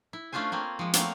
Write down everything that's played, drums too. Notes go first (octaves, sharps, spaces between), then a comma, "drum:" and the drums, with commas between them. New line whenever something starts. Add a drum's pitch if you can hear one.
E4
A3 C#4 D4 F4 C5 G#5
A#3 C4 C#4
F3 G#3
A3 A#3 C4 C#5 F5 F#5, drum: hi-hat